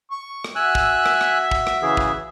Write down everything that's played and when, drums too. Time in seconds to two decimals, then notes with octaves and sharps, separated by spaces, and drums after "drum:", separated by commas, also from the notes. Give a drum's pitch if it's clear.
0.11 C#6
0.44 drum: rim click
0.55 F#4 E5 G#5 E6 F#6
0.75 drum: kick
1.06 drum: rim click
1.21 drum: rim click
1.51 drum: kick
1.67 drum: rim click
1.82 C#3 E3 G#4
1.97 drum: kick